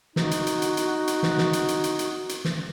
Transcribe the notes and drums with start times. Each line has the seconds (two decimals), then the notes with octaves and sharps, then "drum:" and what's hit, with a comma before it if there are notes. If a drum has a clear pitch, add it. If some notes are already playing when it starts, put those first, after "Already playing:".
0.16 D#4 F#4, drum: snare
0.31 drum: hi-hat
0.47 drum: hi-hat
0.62 drum: hi-hat
0.77 drum: hi-hat
1.07 drum: hi-hat
1.23 drum: snare
1.38 drum: snare
1.53 drum: hi-hat
1.68 drum: hi-hat
1.84 drum: hi-hat
1.99 drum: hi-hat
2.29 drum: hi-hat
2.45 drum: snare